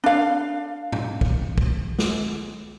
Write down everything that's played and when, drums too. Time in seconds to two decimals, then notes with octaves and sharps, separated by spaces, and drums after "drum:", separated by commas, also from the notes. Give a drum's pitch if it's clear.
0.04 D4 F5
0.92 drum: tom G#2
1.21 drum: kick
1.58 drum: kick
1.99 drum: snare